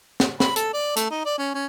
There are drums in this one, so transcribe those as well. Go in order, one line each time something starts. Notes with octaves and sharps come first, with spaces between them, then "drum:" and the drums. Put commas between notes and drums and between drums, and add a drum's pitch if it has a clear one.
drum: snare
B5, drum: snare
A4, drum: hi-hat
D5
A3, drum: hi-hat
D#4
D5
C#4
C#4